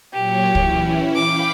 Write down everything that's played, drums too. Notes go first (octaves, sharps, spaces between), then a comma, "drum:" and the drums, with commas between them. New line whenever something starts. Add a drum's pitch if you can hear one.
A#2 F#3 G4 C#5
E3 C#4 E4, drum: kick
F5 G5 B5 D6